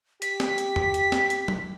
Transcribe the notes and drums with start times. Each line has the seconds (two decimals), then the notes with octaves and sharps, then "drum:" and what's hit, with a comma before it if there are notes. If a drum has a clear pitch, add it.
0.22 G4 B6, drum: hi-hat
0.40 drum: snare
0.58 drum: hi-hat
0.76 drum: tom E2
0.94 drum: hi-hat
1.12 drum: snare
1.30 drum: hi-hat
1.48 drum: tom F#3